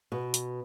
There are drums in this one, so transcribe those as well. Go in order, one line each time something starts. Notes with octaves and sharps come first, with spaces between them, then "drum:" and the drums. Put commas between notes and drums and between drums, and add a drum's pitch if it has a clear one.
B2
drum: hi-hat